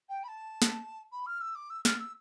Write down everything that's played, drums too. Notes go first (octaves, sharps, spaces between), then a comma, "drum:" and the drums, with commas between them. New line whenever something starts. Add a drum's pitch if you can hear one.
G5
B5
A5
drum: snare
B5
F6
E6
D6
E6
F6, drum: snare
E6